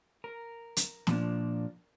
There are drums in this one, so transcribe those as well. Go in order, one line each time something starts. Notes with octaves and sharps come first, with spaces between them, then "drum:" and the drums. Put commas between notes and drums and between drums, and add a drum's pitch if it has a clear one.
A#4
drum: hi-hat
A#2 F3 A#3 D4, drum: snare